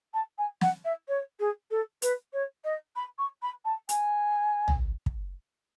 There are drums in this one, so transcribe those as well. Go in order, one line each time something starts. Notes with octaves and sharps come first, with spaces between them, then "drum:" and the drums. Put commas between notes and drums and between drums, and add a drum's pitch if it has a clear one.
A5
G#5
F#5, drum: snare
E5
C#5
G#4
A4
B4, drum: hi-hat
C#5
D#5
B5
C#6
B5
A5
G#5, drum: hi-hat
drum: tom
drum: kick